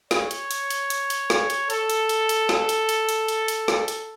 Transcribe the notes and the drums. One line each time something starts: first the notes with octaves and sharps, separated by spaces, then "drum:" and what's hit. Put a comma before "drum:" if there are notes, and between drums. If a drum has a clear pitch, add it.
C#5, drum: snare
drum: hi-hat
drum: hi-hat
drum: hi-hat
drum: hi-hat
drum: hi-hat
drum: snare
drum: hi-hat
A4, drum: hi-hat
drum: hi-hat
drum: hi-hat
drum: hi-hat
drum: snare
drum: hi-hat
drum: hi-hat
drum: hi-hat
drum: hi-hat
drum: hi-hat
drum: snare
drum: hi-hat